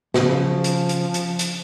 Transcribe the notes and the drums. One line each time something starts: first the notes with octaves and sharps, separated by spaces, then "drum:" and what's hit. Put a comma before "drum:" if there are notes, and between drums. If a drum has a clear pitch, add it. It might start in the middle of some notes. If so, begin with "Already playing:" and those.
C#3 F3, drum: snare
drum: hi-hat
drum: hi-hat
drum: hi-hat
drum: hi-hat